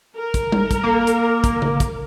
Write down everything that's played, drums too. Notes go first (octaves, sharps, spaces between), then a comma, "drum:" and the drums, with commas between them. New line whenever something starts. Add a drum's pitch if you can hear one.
A#4
drum: kick, hi-hat
drum: tom G3
drum: kick, hi-hat
A#3
drum: hi-hat
drum: kick, hi-hat
drum: tom C#3
drum: kick, hi-hat